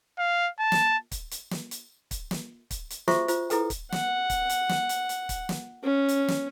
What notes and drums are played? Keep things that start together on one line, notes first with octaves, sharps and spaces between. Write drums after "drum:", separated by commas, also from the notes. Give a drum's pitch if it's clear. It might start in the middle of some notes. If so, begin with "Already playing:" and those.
F5
A5
drum: snare
drum: kick, hi-hat
drum: hi-hat
drum: snare
drum: hi-hat
drum: kick, hi-hat
drum: snare
drum: kick, hi-hat
drum: hi-hat
F4 F#4 G#4 C5 E5 C#6, drum: snare
F4 C5, drum: hi-hat
E4 G#4 A4 B4 G5, drum: hi-hat
drum: kick, hi-hat
F#5, drum: snare
drum: kick, hi-hat
drum: hi-hat
drum: snare
drum: hi-hat
drum: hi-hat
drum: kick, hi-hat
drum: snare
C#4
drum: hi-hat
drum: snare